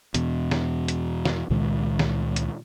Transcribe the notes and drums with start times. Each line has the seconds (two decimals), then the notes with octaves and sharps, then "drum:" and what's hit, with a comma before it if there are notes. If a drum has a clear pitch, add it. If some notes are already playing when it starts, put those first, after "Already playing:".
0.14 E2 B2, drum: hi-hat
0.51 drum: snare
0.88 drum: hi-hat
1.25 drum: snare
1.50 C#2 A#2 D#3 G#3
1.99 drum: snare
2.36 drum: hi-hat